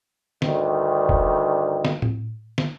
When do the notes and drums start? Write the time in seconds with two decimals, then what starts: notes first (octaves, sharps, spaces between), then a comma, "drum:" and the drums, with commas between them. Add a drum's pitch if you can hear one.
0.42 D2 G2 D#3, drum: snare
1.09 drum: kick F1
1.85 drum: snare
2.02 drum: tom A2
2.58 drum: snare